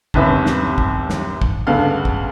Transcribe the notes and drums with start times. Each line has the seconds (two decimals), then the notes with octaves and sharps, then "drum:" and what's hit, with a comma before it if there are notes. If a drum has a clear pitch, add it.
0.14 G1 D#2 C3 B4 E5, drum: kick
0.46 drum: snare
0.78 drum: kick
1.10 drum: snare
1.42 drum: kick
1.67 D2 G2 C#3 B3 F5 A5
2.05 drum: kick